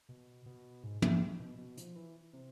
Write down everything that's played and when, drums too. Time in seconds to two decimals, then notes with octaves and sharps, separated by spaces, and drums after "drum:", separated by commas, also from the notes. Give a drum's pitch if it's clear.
0.09 B2
0.46 B2
0.83 G#2
1.02 G#2, drum: tom
1.40 B2
1.58 B2
1.77 F3, drum: hi-hat
1.96 E3
2.33 C3